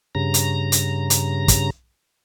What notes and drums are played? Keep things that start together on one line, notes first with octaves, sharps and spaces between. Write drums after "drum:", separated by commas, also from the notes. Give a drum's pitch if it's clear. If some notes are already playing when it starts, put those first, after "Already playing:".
G2 C#3 A#5
drum: hi-hat
drum: hi-hat
drum: hi-hat
drum: kick, hi-hat